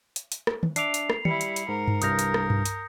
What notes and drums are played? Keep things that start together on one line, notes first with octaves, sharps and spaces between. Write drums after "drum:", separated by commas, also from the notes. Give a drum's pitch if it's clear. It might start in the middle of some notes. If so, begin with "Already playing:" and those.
drum: hi-hat
drum: hi-hat
drum: rim click
drum: tom D#3
D4 E5 D6 C7 F7, drum: hi-hat
drum: hi-hat
drum: rim click
G3 E4 B5 C#7, drum: tom D#3
drum: hi-hat
drum: hi-hat
G#2 A#4
drum: tom G2
C2 G2 D#6 F6 G6 A#6, drum: hi-hat
drum: hi-hat
drum: rim click
drum: tom G2
drum: hi-hat